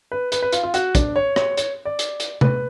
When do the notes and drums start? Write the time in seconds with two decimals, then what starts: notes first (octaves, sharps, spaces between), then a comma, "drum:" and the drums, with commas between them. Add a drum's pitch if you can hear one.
0.12 B4
0.32 B4, drum: hi-hat
0.42 B4
0.52 F4, drum: hi-hat
0.63 F4
0.74 F#4, drum: hi-hat
0.95 D4, drum: kick, hi-hat
1.16 C#5
1.36 C#5, drum: rim click
1.57 C#5, drum: hi-hat
1.85 D5
1.99 drum: hi-hat
2.20 drum: hi-hat
2.41 B4, drum: tom C3